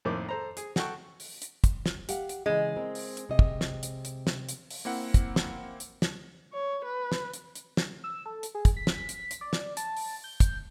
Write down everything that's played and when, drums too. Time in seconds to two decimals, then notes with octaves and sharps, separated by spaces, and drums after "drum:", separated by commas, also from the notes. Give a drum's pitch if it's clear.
0.05 F2 A2 D#3 A#3 C5 D6
0.29 A4 C5 A#5
0.57 G#4, drum: hi-hat
0.76 F#4 A4 F#5 G5 A5 C#6, drum: snare
1.20 drum: open hi-hat
1.42 drum: hi-hat
1.64 drum: kick, hi-hat
1.86 drum: snare
2.09 G4 F5 F#5, drum: hi-hat
2.29 drum: hi-hat
2.46 C#3 E3 G#3
2.76 C4 A#4
2.95 drum: open hi-hat
3.17 drum: hi-hat
3.29 C3 D#5
3.39 drum: kick
3.61 drum: snare
3.83 drum: hi-hat
4.05 drum: hi-hat
4.27 drum: snare
4.49 drum: hi-hat
4.71 drum: open hi-hat
4.85 A#3 C4 E4 F#5
5.14 drum: kick, hi-hat
5.36 drum: snare
5.80 drum: hi-hat
6.02 drum: snare
6.53 C#5
6.85 B4
7.12 drum: snare
7.34 drum: hi-hat
7.55 drum: hi-hat
7.77 drum: snare
8.04 E6
8.26 A4
8.43 drum: hi-hat
8.55 G#4
8.65 drum: kick, hi-hat
8.77 B6
8.87 drum: snare
9.09 drum: hi-hat
9.31 drum: hi-hat
9.41 D5
9.53 drum: snare
9.77 A5, drum: hi-hat
9.97 drum: open hi-hat
10.24 G6
10.40 drum: kick, hi-hat